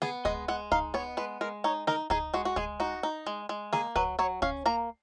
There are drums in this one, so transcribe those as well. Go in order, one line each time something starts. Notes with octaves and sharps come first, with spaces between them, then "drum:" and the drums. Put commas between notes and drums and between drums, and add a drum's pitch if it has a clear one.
B3 G#4, drum: snare
G#3 D#5, drum: kick
G#3 F#5
D#4 F5, drum: kick
B3 C#5
G#3 B4
G#3 A#4
D#4 C#5
D#4 A#4, drum: snare
D#4 G#4, drum: kick
G#3 F#4
F#4
G#3 G#4, drum: kick
D#4 F#4
D#4
G#3
G#3
A#3 G#4, drum: snare
F#3 B4, drum: kick
F#3 C#5
C#4 F5, drum: kick
A#3 A#5